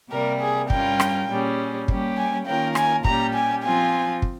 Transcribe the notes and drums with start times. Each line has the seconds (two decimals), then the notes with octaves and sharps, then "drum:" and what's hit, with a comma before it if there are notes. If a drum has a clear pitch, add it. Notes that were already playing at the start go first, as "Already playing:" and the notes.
0.11 C3 G3 A#3 A#4
0.41 G#4
0.70 G2 G3 C#4 F4 A#4 G5, drum: kick
1.00 drum: rim click
1.28 A#2 G3 C#4 G#4
1.88 G3 A#3 C#4 G4, drum: kick
2.17 G#5
2.46 D#3 A#3 C#4 F4 A#4 G5
2.75 G#5, drum: rim click
3.04 A#2 G3 C#4 G4 A#5, drum: kick
3.34 G#5
3.63 F3 C4 F4 G#5
4.22 drum: kick